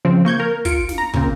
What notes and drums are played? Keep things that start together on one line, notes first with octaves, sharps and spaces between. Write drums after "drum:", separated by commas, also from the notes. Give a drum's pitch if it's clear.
C#3 F3 C4
A#3 C#6 G6 G#6
A#4
F4 C#7 D7, drum: kick, hi-hat
drum: snare
A#5
A#2 C#3 A#3 C4, drum: kick